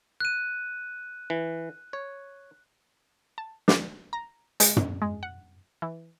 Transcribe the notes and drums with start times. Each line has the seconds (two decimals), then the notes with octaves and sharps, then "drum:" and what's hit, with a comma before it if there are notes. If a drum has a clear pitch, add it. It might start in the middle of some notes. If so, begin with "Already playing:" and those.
0.20 F#6 D#7
1.30 E3
1.93 C#5
3.38 A5
3.68 D4, drum: snare
4.13 A#5
4.60 G#3, drum: hi-hat
4.77 drum: tom
5.02 G#3
5.23 F#5
5.82 E3